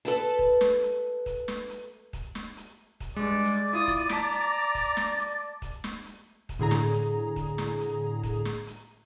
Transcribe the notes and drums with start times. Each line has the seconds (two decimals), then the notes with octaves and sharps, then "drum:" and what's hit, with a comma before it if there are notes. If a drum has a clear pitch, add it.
0.05 A4 B4 A5
0.39 drum: kick D#1
0.61 drum: snare
0.83 drum: hi-hat
1.26 drum: kick D#1, hi-hat
1.48 drum: snare
1.70 drum: hi-hat
2.13 drum: kick D#1, hi-hat
2.35 drum: snare
2.57 drum: hi-hat
3.00 drum: kick D#1, hi-hat
3.16 G2 G#3 D5 D6
3.44 drum: hi-hat
3.73 E4 F4 D#6
3.88 drum: kick D#1, hi-hat
4.09 A5 A#5 B6 D7, drum: snare
4.31 drum: hi-hat
4.75 drum: kick D#1, hi-hat
4.97 drum: snare
5.18 drum: hi-hat
5.62 drum: kick D#1, hi-hat
5.84 drum: snare
6.06 drum: hi-hat
6.49 drum: kick D#1, hi-hat
6.59 A2 D3 G#4 A#5
6.71 drum: snare
6.93 drum: hi-hat
7.36 drum: kick D#1, hi-hat
7.58 drum: snare
7.80 drum: hi-hat
8.23 drum: kick D#1, hi-hat
8.45 drum: snare
8.67 drum: hi-hat